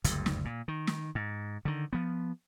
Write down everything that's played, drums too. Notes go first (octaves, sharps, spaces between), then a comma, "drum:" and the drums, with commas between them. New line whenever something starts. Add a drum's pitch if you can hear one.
F#1 D2 G2, drum: hi-hat
drum: snare
A#2
D#3
drum: snare
G#2
D3 D#3
F3 B3